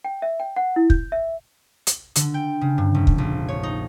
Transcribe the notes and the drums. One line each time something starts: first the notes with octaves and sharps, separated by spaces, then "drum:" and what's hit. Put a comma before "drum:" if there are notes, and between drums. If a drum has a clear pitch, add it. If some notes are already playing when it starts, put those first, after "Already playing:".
G5
E5
G5
F#5
E4
G6, drum: kick
E5
drum: hi-hat
D3, drum: hi-hat
G5
C#3
G2
F1
drum: kick
A#1
C#5
D#4